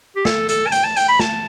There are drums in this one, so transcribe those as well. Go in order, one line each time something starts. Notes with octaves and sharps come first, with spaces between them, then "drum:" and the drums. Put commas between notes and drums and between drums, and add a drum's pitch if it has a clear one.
G4
A4, drum: snare
A4, drum: hi-hat
A5
G5, drum: hi-hat
A5
G5, drum: hi-hat
B5
A5, drum: snare